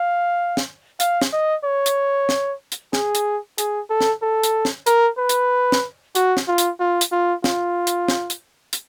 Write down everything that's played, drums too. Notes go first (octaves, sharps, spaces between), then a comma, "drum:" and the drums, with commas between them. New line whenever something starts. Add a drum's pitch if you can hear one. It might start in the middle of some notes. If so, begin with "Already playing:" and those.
Already playing: F5
drum: snare
F5, drum: hi-hat
drum: snare
D#5
C#5
drum: hi-hat
drum: snare
drum: hi-hat
G#4, drum: snare
drum: hi-hat
G#4, drum: hi-hat
A4
drum: snare
A4
drum: hi-hat
drum: snare
A#4, drum: hi-hat
B4
drum: hi-hat
drum: snare
F#4, drum: hi-hat
drum: snare
F4
drum: hi-hat
F4
drum: hi-hat
F4
F4, drum: snare
drum: hi-hat
drum: snare
drum: hi-hat
drum: hi-hat